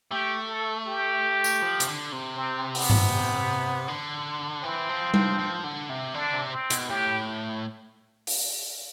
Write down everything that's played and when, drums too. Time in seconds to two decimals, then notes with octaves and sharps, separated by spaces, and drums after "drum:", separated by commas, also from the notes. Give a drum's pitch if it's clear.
0.11 A3 G4
0.49 A4
0.87 G4
1.44 drum: tambourine
1.62 F3
1.80 C3, drum: hi-hat
1.88 D3
2.12 C3
2.37 C4
2.75 B3, drum: open hi-hat
2.90 drum: tom G2
3.88 D3
4.63 E3 C4
4.89 F3
5.14 F3, drum: tom G3
5.39 F3
5.64 D3
5.89 C3
6.14 D3 D4
6.33 C3
6.51 C4
6.70 B2, drum: hi-hat
6.90 A2 G4
8.27 drum: open hi-hat